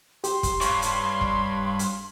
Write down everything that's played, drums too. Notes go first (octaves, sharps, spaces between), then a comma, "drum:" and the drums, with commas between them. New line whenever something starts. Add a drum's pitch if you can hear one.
G4 C6, drum: hi-hat
drum: kick E1, hi-hat
G2 C#5 F5 B5 C#6, drum: hi-hat
drum: hi-hat
drum: kick E1
drum: hi-hat